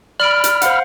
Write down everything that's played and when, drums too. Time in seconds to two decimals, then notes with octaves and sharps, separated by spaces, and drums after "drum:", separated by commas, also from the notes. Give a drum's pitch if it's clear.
0.20 D5 B5 F6 D7
0.44 drum: hi-hat
0.62 C5 F5 F#5, drum: hi-hat